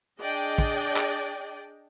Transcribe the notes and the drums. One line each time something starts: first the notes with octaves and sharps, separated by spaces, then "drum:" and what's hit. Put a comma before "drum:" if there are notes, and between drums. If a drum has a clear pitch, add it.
D4 G#4 D5 D#5 G5
drum: kick
drum: clap